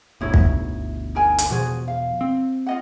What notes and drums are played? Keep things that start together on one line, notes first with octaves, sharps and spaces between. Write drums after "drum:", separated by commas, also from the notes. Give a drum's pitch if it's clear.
G1 D2 B2 D#4 E4 C#5
drum: kick
D#4 A#4 G#5
drum: hi-hat
E1 B2 F3 F#4 G#4
F5
C4
F4 D#5 F#5